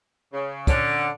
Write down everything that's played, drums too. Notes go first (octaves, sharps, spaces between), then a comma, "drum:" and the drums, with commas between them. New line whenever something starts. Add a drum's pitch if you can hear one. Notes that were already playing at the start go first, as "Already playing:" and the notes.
C#3
D3 C#4, drum: kick, hi-hat